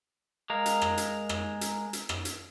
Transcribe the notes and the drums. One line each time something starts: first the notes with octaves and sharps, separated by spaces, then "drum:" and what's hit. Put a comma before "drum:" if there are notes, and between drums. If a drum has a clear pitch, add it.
G#3 A#4 F5
drum: hi-hat
drum: rim click
drum: hi-hat
drum: rim click
drum: hi-hat
drum: hi-hat
drum: rim click
drum: hi-hat